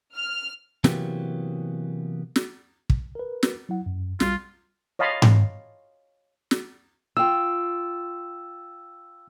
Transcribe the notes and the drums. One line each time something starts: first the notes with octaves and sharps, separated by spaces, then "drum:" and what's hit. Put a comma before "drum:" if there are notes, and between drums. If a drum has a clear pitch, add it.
F6
C3 E3 F#3 A#3 B3 G4, drum: snare
drum: snare
drum: kick
A#4 B4
drum: snare
F#3 E4 F#5
F#2
B1 G3 F4 F6, drum: snare
C#5 D#5 F5 A5 B5 C6
drum: tom G#2
drum: snare
F4 G5 E6